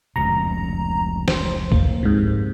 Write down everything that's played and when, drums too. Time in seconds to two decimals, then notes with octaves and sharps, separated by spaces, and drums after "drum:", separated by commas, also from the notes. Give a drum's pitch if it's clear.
0.16 F1 C#2 B2 A#5
1.28 C5, drum: snare
1.72 A#3, drum: kick B1
2.03 G#2 C3